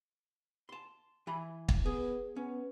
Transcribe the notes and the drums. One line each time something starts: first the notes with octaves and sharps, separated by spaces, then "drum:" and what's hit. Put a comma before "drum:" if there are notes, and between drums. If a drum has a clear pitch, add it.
A5 C6
E3 G#5 B5
drum: kick
B3 G#4
B3 C#4